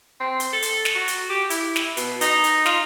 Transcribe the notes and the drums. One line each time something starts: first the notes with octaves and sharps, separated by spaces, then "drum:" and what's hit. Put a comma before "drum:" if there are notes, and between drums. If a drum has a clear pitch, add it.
C4
drum: hi-hat
A4
drum: hi-hat
drum: snare
F#4
drum: hi-hat
G4
E4, drum: hi-hat
drum: snare
B2, drum: hi-hat
D#4, drum: hi-hat
drum: hi-hat
F4, drum: snare